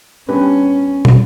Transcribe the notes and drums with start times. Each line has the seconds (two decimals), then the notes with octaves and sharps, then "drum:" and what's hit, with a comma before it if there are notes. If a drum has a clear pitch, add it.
0.28 G3 B3 C#4 D4 G4 B4
1.05 drum: tom